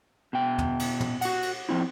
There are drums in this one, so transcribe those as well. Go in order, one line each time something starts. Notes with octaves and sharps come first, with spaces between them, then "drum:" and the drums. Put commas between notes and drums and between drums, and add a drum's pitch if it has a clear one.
B2 G5
drum: tom
drum: cymbal
drum: tom
F#4 F#5, drum: cymbal
drum: cymbal
F3 C4 E4